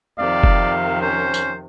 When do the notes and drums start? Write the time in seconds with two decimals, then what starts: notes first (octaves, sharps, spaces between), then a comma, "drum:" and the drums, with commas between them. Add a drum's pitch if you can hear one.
0.19 F2 C3 D#3 D5 F5
0.44 drum: kick F1
1.02 C#4 C5
1.34 drum: tambourine